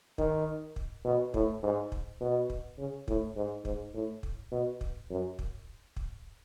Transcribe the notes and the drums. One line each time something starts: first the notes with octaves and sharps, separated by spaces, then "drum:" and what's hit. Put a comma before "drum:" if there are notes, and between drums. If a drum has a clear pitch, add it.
D#3, drum: kick
drum: kick
B2
A2, drum: kick
G#2
drum: kick
B2
drum: kick
C#3
A2, drum: kick
G#2
G#2, drum: kick
A2
drum: kick
B2
drum: kick
F#2
drum: kick
drum: kick